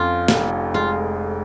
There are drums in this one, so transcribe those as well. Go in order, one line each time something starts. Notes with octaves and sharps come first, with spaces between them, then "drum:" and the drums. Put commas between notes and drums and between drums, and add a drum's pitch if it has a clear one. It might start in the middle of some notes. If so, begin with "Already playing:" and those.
Already playing: F2 C#4 F4
F1, drum: snare
G#3 F4